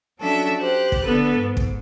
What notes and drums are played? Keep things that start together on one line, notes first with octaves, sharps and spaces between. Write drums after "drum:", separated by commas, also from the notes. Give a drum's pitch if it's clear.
F#3 C#4 D4 F#4 A4 E5
G4 C5 F#6
drum: kick
D3 B3 A4 B4
G#2
drum: kick